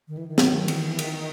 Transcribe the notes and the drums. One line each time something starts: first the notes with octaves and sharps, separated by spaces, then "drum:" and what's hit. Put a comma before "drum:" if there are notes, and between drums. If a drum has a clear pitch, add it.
D#3
E3
D#3
F#3, drum: snare
E3, drum: cymbal
D#3, drum: cymbal